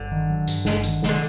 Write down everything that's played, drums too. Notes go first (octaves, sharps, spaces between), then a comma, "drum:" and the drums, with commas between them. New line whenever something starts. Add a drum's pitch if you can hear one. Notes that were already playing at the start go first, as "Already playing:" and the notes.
Already playing: G1 D3
D#3
F#3
G2, drum: tambourine
G1, drum: snare
D#3, drum: tambourine
F#3, drum: snare
D3